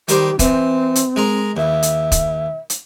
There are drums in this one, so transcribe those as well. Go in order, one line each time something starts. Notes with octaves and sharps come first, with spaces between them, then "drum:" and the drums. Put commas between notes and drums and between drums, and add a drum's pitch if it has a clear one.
D#3 G3 G4 C5, drum: hi-hat
E3 C4, drum: kick, hi-hat
drum: hi-hat
G#3 A#4 A#5
D#2 E5
drum: hi-hat
drum: kick, hi-hat
drum: hi-hat